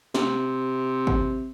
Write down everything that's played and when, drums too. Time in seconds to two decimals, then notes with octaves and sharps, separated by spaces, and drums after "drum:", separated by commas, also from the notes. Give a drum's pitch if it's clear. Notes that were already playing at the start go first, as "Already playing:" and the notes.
0.15 C3, drum: snare
1.07 drum: kick G#1